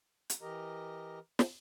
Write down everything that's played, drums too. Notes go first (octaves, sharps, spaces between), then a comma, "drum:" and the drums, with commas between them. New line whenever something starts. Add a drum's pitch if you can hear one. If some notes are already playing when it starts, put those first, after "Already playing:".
drum: hi-hat
E3 G4 A#4 D#5 A#5
drum: snare